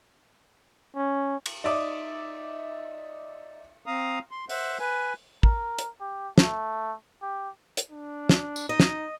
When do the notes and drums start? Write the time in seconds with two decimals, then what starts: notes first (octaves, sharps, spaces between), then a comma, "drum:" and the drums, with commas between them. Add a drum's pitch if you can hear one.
0.95 C#4
1.46 drum: cymbal
1.64 D#4 D5 E5 D6 D#6
3.86 C4 F5 A#5 D#6
4.31 C6
4.49 C5 E5 F#5, drum: open hi-hat
4.80 B4 G#5
5.43 A#4, drum: kick
5.79 drum: hi-hat
6.01 G4
6.38 A3, drum: snare
7.22 G4
7.77 drum: hi-hat
7.91 D4
8.29 drum: snare
8.56 drum: tambourine
8.69 D#4 D#5
8.80 drum: snare